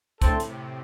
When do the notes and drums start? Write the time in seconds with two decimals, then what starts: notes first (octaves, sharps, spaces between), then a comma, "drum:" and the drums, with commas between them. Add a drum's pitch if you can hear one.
0.22 A2 D3 A3 C4 A4, drum: kick, hi-hat
0.40 A2, drum: hi-hat
0.49 C3
0.58 A2